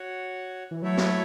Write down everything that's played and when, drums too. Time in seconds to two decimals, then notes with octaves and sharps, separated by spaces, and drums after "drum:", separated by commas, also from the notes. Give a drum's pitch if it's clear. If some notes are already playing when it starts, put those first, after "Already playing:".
Already playing: F#4 C#5 F#5
0.71 E3
0.82 F#3 A3 E4 A4 C#5 E5
0.97 drum: snare